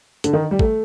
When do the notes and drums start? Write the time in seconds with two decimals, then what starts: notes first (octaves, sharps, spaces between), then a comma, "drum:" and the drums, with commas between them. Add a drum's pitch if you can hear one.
0.24 D3, drum: hi-hat
0.33 D#3
0.51 G3
0.59 A3, drum: kick